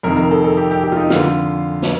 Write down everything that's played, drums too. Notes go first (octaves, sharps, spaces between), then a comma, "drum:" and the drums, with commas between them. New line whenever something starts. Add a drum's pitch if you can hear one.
F2 C3 D#3 A#4
A#4
A4
A4
G4
G4
G4
F4
D#4
F2 D3 F4, drum: snare
drum: snare